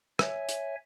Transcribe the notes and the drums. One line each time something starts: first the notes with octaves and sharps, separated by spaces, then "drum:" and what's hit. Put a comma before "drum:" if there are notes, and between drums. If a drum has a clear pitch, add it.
C#5 E5 G#5, drum: rim click
drum: hi-hat